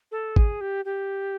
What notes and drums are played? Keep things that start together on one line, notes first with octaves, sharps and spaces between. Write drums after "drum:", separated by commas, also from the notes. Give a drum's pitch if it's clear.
A4
G#4, drum: kick
G4
G4